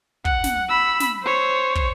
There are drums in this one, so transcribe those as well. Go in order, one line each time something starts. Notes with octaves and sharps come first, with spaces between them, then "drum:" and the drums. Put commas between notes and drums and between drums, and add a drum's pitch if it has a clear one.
F#5, drum: kick
drum: snare
B5 E6
drum: snare
C5 C#5
drum: kick